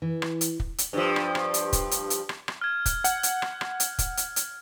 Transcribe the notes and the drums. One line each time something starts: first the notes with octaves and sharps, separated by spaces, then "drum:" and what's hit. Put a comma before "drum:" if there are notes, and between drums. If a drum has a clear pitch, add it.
E3
drum: rim click
drum: hi-hat
drum: kick
drum: hi-hat
G2 F3
drum: rim click
drum: rim click
drum: hi-hat
drum: kick, hi-hat
drum: hi-hat
drum: hi-hat
drum: rim click
drum: rim click
F6 G#6
drum: kick, hi-hat
F#5, drum: hi-hat
drum: hi-hat
drum: rim click
drum: rim click
drum: hi-hat
drum: kick, hi-hat
drum: hi-hat
drum: hi-hat